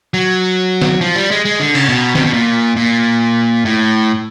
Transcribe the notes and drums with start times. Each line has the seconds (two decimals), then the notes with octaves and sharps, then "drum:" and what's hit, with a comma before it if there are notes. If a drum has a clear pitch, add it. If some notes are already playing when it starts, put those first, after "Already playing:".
0.14 F#3
0.82 drum: snare
1.01 F3
1.15 G3
1.31 G#3
1.45 G#3
1.60 D3
1.75 C#3, drum: cymbal
1.89 B2
2.15 C3, drum: snare
2.24 B2
2.33 A#2
2.77 A#2
3.65 A2